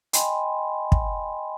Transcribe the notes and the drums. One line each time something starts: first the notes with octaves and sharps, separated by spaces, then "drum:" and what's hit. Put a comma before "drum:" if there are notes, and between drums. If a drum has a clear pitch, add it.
D#5 G5 G#5 B5 C6, drum: hi-hat
drum: kick